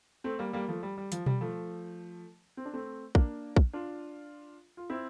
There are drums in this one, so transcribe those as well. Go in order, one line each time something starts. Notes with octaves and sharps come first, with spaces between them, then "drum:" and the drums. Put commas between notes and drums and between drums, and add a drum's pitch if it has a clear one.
A3 C4
G3 A#3
G3 A#3
F3 A3
G3
G3
F3, drum: hi-hat
G3, drum: tom B2
F3 A3
C4
D4
A3 C4
A#3 D4, drum: kick
drum: kick
D4 F4
F4
C4 E4